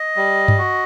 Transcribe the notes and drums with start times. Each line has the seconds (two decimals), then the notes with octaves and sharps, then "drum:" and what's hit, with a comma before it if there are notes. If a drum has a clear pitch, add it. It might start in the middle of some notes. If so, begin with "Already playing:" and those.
Already playing: D#5
0.16 G3
0.48 drum: tom G2
0.59 F#4